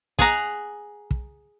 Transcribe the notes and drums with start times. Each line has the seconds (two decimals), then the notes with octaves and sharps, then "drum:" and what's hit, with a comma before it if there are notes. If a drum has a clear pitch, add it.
0.19 G#4 F#5 A#5, drum: kick
1.11 drum: kick